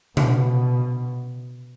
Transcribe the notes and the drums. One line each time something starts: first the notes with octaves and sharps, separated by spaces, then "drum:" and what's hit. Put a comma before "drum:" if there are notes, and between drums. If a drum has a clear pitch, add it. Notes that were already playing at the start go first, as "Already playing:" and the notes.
B2, drum: tom C3